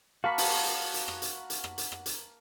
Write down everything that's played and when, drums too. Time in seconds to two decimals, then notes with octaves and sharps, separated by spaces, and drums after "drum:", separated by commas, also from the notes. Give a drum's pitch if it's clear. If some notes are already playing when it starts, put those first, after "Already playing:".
0.24 A#3 F#4 F5 A5 B5 C#6
0.38 drum: open hi-hat
0.66 drum: hi-hat
0.94 drum: hi-hat
1.08 drum: rim click
1.22 drum: hi-hat
1.50 drum: hi-hat
1.64 drum: rim click
1.78 drum: hi-hat
1.92 drum: rim click
2.06 drum: hi-hat